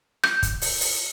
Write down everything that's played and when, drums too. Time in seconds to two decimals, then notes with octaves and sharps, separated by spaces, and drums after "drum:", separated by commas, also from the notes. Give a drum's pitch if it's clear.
0.24 G6, drum: rim click
0.43 drum: kick, hi-hat
0.62 drum: open hi-hat
0.80 drum: open hi-hat